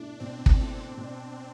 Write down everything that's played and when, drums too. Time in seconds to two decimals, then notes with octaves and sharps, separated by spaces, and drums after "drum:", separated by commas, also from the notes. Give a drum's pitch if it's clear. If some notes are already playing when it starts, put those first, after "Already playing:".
Already playing: B2 A3 D4 E4
0.20 B2 C4
0.46 drum: kick
0.59 A3 C4 E4
0.97 B2